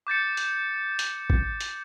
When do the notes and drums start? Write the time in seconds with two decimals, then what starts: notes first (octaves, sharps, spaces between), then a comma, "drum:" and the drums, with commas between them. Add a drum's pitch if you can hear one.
0.07 D6 G6 A6 C#7
0.37 drum: hi-hat
0.99 drum: hi-hat
1.30 drum: kick
1.61 drum: hi-hat